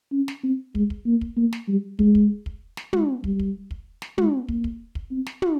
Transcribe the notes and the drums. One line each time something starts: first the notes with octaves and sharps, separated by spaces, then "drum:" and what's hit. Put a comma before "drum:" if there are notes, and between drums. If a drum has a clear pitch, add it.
C#4
drum: snare
C4
G#3, drum: kick
drum: kick
A#3
drum: kick
A#3
drum: snare
G3
G#3, drum: kick
drum: kick
drum: kick
drum: snare
G#3, drum: tom
G3, drum: kick
drum: kick
drum: kick
drum: snare
G#3, drum: tom
A#3, drum: kick
drum: kick
drum: kick
C4
drum: snare
drum: tom